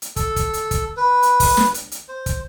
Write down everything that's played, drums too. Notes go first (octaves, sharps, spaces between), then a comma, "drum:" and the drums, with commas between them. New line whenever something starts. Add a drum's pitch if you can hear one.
drum: hi-hat
A4, drum: kick, hi-hat
drum: kick, hi-hat
drum: hi-hat
drum: kick, hi-hat
B4
drum: hi-hat
drum: kick, open hi-hat
drum: snare
drum: hi-hat
drum: hi-hat
C5
drum: kick, hi-hat